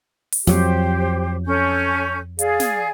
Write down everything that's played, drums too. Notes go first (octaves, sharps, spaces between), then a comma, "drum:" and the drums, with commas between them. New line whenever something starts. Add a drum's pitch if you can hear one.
drum: open hi-hat
F2 F#3 G4 C5, drum: snare
C#4 A4 G6
G#4 D5 F5, drum: hi-hat
drum: snare